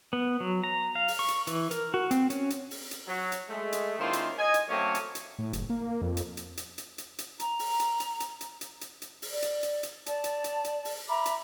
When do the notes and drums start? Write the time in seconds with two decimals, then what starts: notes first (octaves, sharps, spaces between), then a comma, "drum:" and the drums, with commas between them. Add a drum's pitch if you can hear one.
0.13 B3
0.40 F#3
0.64 A#5
0.95 F5
1.08 drum: open hi-hat
1.19 C#6
1.28 drum: hi-hat
1.47 E3, drum: hi-hat
1.71 A#4, drum: hi-hat
1.94 F#4
2.11 C4, drum: hi-hat
2.30 C#4, drum: hi-hat
2.50 drum: hi-hat
2.71 drum: open hi-hat
2.91 drum: hi-hat
3.08 F#3
3.32 drum: hi-hat
3.49 G#3 A3
3.72 drum: hi-hat
3.99 D#3 A#3 C#4 E4 F4 C5
4.13 drum: hi-hat
4.38 D#5 G#5
4.54 drum: hi-hat
4.69 F#3 A3 A#3 C4 C#4 C#5
4.95 drum: hi-hat
5.15 drum: hi-hat
5.39 A2
5.53 F#1, drum: hi-hat
5.70 A#3
6.02 F2
6.17 drum: hi-hat
6.37 drum: hi-hat
6.57 drum: hi-hat
6.78 drum: hi-hat
6.98 drum: hi-hat
7.18 drum: hi-hat
7.40 A#5, drum: hi-hat
7.59 drum: open hi-hat
7.80 drum: hi-hat
8.00 drum: hi-hat
8.20 drum: hi-hat
8.41 drum: hi-hat
8.61 drum: hi-hat
8.81 drum: hi-hat
9.02 drum: hi-hat
9.22 drum: open hi-hat
9.32 D5
9.42 drum: hi-hat
9.63 drum: hi-hat
9.83 drum: hi-hat
10.06 D5 A5, drum: hi-hat
10.24 drum: hi-hat
10.44 drum: hi-hat
10.64 drum: hi-hat
10.85 drum: open hi-hat
11.09 E5 A#5 B5 D6
11.26 drum: hi-hat